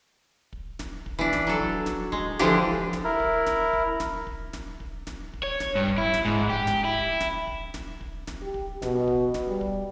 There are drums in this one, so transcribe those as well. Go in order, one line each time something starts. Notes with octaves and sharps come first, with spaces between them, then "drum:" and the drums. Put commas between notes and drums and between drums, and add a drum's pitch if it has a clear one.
drum: kick
drum: snare
drum: kick
E3 D4
drum: snare
F#3 A4
drum: kick
drum: snare
G#3, drum: kick
D3 E3 F3 D4 G4, drum: snare
drum: kick
drum: snare
E4 A#4
drum: kick
drum: snare
drum: kick
drum: snare
drum: kick
drum: snare
drum: kick
drum: snare
drum: kick
C#5
drum: snare
G2
drum: kick
E4
drum: snare
G#2
drum: kick
G4
drum: snare
E4
drum: kick
drum: snare
drum: kick
drum: snare
drum: kick
drum: snare
G4
drum: kick
B2, drum: snare
drum: kick
drum: snare
G3
drum: kick